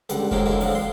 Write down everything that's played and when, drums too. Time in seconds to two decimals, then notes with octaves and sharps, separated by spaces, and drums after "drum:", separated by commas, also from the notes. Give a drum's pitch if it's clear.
0.09 C#2 D3 G3, drum: hi-hat
0.31 A2 D#3 F3 F#3 G#3 A#3, drum: kick F1
0.46 D2 F#3 G#3 A#3 E4
0.61 F2 A2 D3 F3 F#3, drum: open hi-hat
0.75 C6